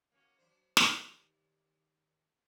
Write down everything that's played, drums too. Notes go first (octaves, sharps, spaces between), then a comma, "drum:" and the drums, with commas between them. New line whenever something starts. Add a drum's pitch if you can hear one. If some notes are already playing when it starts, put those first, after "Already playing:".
A#3 C#4 F#4
F#3 D4 C5
D#2 D5, drum: snare